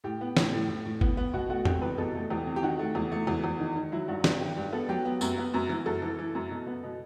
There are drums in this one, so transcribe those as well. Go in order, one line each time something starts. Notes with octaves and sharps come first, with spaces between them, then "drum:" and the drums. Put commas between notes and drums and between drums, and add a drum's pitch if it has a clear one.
A2 G4
B3
A2, drum: snare
A2
A2
A2
B3, drum: kick G#1
B3
B2 F#4
A3 F#4
C4 G4, drum: tom E2
E2 B4
B2 A4
A3
E2 G4
C4
G4
D#3 F#4
A3
E2
A3
E2
E2
D#3
D#3
F#3 E4
G2 F#4
G2 G4, drum: snare
D#3 G4
G2 G4
B3 A4
F#3 G4
B3
F#2, drum: tambourine
B3
F#2
E3
F#2 A4
E3
E3
F#2
B2
B3
B2